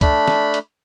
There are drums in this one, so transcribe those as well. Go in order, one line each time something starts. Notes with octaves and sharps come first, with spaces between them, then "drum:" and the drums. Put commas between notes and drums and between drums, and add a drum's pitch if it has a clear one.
A3 D4 B5, drum: kick, hi-hat
drum: snare
drum: hi-hat